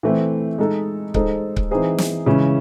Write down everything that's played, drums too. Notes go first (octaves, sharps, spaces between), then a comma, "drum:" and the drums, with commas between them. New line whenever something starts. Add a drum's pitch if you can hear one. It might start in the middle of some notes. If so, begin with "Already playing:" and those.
E3 A3 C4
G#3 D#4 A4
G#3 D#4 A4 C5, drum: kick C#1
drum: kick C#1
E3 C4 D#4 G#4 C5
drum: snare
C#3 E3 G#3 C#4 E4